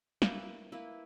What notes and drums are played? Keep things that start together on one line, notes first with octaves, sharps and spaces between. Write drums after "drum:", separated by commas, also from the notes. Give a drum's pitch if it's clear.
A#3 E4 B4, drum: snare
A#3 E4 B4